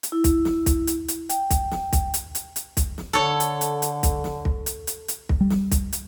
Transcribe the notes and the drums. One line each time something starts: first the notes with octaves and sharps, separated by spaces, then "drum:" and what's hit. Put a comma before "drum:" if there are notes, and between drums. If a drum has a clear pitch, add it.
drum: hi-hat
E4
drum: kick, hi-hat
drum: snare
drum: kick, hi-hat
drum: hi-hat
drum: hi-hat
G5, drum: hi-hat
drum: kick, hi-hat
drum: snare
drum: kick, hi-hat
drum: hi-hat
drum: hi-hat
drum: hi-hat
drum: kick, hi-hat
drum: snare
D3 A4 C#5
drum: hi-hat
drum: hi-hat
drum: hi-hat
drum: kick, hi-hat
drum: snare
drum: kick
drum: hi-hat
drum: hi-hat
drum: hi-hat
drum: kick
G3
drum: snare
drum: kick, hi-hat
drum: hi-hat